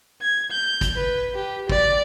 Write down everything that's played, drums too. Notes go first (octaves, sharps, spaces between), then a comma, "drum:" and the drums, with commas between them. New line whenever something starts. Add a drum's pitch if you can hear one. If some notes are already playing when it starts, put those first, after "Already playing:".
G#6
G6
drum: kick, hi-hat
B4
G4
D5, drum: kick